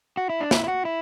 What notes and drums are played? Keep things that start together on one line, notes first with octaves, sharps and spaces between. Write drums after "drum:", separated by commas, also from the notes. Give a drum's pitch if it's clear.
F#4
E4
D4
E4, drum: snare
E4
F#4
E4